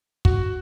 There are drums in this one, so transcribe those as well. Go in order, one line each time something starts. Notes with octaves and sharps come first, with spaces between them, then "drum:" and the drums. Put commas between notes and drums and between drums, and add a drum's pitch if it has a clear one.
F#4, drum: kick